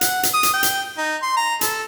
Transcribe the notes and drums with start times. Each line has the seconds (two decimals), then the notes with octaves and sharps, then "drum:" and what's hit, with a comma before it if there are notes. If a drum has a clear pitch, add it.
0.01 F#5, drum: hi-hat
0.23 drum: hi-hat
0.34 D#6
0.43 drum: hi-hat
0.53 G5
0.63 drum: hi-hat
0.98 D#4
1.22 C6
1.37 A#5
1.61 A4, drum: hi-hat